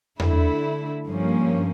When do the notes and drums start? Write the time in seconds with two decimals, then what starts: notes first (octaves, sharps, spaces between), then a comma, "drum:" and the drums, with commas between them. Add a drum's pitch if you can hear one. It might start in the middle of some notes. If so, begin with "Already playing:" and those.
0.20 D3 A3 E4, drum: tom E2
1.06 G2 F3 A#3 C#4